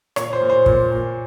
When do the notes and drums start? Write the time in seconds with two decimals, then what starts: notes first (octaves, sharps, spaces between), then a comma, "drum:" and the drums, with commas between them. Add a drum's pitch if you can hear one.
0.16 A#2 C#5, drum: rim click
0.33 C5
0.41 A#2
0.50 C5
0.66 A#2, drum: kick
0.91 A#2